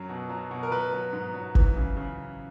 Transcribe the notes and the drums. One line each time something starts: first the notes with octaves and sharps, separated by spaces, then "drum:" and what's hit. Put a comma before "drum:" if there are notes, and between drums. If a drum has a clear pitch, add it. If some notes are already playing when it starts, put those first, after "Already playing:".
Already playing: F#2 F#3
B2
F#3
B2
A#4
F#3 B4
F#3
G#2
F#3
E3, drum: kick
C#3
C#3